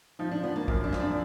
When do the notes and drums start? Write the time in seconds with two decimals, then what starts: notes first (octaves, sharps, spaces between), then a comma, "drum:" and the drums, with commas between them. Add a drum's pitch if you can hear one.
0.19 F3 D#4
0.31 D4
0.43 F3 B3
0.56 A#3
0.68 F#2, drum: kick
0.84 D4
0.92 F3, drum: snare
1.00 D4